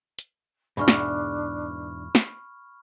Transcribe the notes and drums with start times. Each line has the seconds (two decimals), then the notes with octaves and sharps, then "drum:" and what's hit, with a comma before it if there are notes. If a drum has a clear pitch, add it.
0.19 drum: hi-hat
0.77 E2 G#2 B2 D4 B5 C#6 F6
0.88 drum: snare
2.15 drum: snare